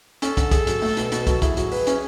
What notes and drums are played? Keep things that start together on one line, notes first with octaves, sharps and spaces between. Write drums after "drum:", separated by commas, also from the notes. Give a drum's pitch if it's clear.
C#4 A4, drum: hi-hat
D3, drum: kick, hi-hat
G#4, drum: kick, hi-hat
F#3, drum: hi-hat
A3, drum: open hi-hat
B2, drum: hi-hat
B2, drum: hi-hat
F#3, drum: kick, hi-hat
E4 G#4, drum: kick, hi-hat
F#3, drum: hi-hat
B4, drum: open hi-hat
C#4, drum: hi-hat